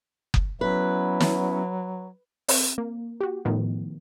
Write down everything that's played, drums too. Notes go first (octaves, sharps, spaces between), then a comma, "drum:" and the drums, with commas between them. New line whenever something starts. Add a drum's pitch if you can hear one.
drum: kick F#1
F#3 B3 C#4 E4 B4
drum: snare
C4, drum: open hi-hat
A#3
F#4 G4
A2 D#3 F3 B3